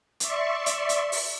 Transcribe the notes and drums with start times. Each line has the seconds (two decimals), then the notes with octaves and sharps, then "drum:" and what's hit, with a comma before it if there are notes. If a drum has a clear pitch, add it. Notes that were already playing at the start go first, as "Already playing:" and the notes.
0.20 D5 E5 C6 C#6, drum: hi-hat
0.66 drum: hi-hat
0.89 drum: hi-hat
1.12 drum: open hi-hat